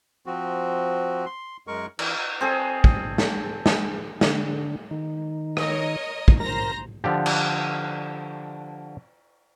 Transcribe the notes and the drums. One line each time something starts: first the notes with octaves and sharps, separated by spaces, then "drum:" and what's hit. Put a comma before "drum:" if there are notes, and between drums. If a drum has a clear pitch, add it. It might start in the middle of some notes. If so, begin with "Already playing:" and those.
F3 C4 F#4
C6
F#2 G#3 A#4 C#6
E3, drum: cymbal
C4 G#4 A4
drum: kick
drum: snare
drum: snare
D3, drum: snare
D#3
A#4 C#5 D#5, drum: rim click
drum: kick
A#4 C5 A#5 A#6
D3 F3 G4
drum: cymbal